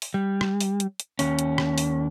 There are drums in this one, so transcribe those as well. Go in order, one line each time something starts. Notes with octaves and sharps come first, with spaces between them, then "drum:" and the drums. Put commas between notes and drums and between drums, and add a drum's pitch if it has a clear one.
drum: open hi-hat
G3
drum: rim click
drum: open hi-hat
drum: hi-hat
drum: hi-hat
D#2 C#4, drum: open hi-hat
drum: hi-hat
drum: rim click
drum: open hi-hat